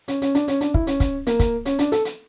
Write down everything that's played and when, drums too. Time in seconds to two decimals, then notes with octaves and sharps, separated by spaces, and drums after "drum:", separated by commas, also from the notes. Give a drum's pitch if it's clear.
0.08 C#4, drum: hi-hat
0.22 C#4, drum: hi-hat
0.35 D4, drum: hi-hat
0.48 C#4, drum: hi-hat
0.61 D4, drum: hi-hat
0.74 E4, drum: kick
0.87 C#4, drum: hi-hat
1.00 drum: kick, hi-hat
1.27 A#3, drum: hi-hat
1.39 drum: kick, hi-hat
1.65 C#4, drum: hi-hat
1.79 D4, drum: hi-hat
1.92 A4, drum: hi-hat
2.05 drum: hi-hat